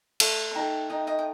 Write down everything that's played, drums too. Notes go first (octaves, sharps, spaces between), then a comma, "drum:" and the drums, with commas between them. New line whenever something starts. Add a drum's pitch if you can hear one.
A3 A5 C6, drum: cymbal
A5
D#4 A4 G5 A#5
D#4 D#5 G5
D#5 G5
G5